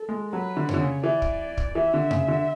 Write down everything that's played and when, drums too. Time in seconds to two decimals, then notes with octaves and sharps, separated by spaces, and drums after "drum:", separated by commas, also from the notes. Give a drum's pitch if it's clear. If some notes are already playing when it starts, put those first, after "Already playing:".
Already playing: A4
0.09 G#3
0.33 F#3 B4
0.57 D3
0.69 C#5, drum: tom F2
0.74 D3
0.81 C#3
1.03 E3 D5
1.22 drum: kick
1.57 drum: kick
1.75 E3 E5
1.94 D3
2.11 C#3, drum: tom F2
2.28 D3